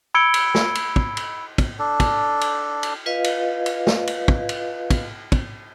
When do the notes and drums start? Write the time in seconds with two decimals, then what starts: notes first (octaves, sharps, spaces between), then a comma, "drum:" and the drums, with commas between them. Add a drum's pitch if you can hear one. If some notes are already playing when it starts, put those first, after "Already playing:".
0.14 B5 E6 G#6 C#7 D7 G7
0.34 drum: cymbal
0.55 drum: snare
0.75 drum: cymbal
0.96 drum: kick
1.17 drum: cymbal
1.58 drum: kick, cymbal
1.79 D4 A4
2.00 drum: kick, cymbal
2.41 drum: cymbal
2.83 drum: cymbal
3.06 F4 B4 D#5 F5
3.24 drum: cymbal
3.66 drum: cymbal
3.87 drum: snare
4.07 drum: cymbal
4.28 drum: kick
4.49 drum: cymbal
4.90 drum: kick, cymbal
5.32 drum: kick, cymbal